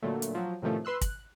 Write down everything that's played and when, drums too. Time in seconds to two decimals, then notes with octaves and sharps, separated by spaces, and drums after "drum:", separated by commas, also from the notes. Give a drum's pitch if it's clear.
0.02 A#2 D3 F#3 A3
0.22 drum: hi-hat
0.35 F3 F#3
0.62 A2 C3 D#3 F3 A3 C#4
0.85 B4 C6 E6 F#6
1.01 F#6, drum: kick, hi-hat